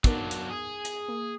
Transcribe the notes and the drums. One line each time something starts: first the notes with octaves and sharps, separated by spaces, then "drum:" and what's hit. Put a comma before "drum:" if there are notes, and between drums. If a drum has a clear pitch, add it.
F#3 B3 D4 D#4 A#4, drum: kick, hi-hat
drum: hi-hat
G#4
drum: hi-hat
A#3